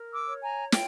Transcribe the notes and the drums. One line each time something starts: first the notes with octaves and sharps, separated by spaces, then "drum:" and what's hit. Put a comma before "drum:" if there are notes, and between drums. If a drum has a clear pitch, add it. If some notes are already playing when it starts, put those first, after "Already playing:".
Already playing: A#4
D6 E6
C#5
G#5 A#5
F4 G5, drum: snare